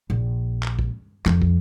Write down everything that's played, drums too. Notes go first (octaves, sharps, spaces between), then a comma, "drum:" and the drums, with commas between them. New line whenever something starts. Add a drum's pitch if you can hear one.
A#1
drum: clap
drum: kick
F2, drum: clap
drum: kick